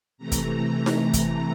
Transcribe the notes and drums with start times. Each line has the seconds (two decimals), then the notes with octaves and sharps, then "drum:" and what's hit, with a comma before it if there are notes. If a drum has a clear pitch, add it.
0.18 C3 E3 A3 A#5
0.32 drum: kick, hi-hat
0.86 drum: snare D#4
1.13 drum: kick, hi-hat